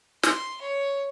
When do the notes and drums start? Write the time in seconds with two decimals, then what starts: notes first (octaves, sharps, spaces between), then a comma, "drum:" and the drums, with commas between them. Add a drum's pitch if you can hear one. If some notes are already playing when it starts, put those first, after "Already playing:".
0.23 C6, drum: snare
0.61 C#5